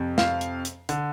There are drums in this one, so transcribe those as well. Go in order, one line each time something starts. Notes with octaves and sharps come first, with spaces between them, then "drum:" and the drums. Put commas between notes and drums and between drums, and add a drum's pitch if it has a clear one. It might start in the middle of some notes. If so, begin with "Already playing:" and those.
Already playing: F2 C3
F5, drum: snare
drum: hi-hat
drum: hi-hat
D3, drum: hi-hat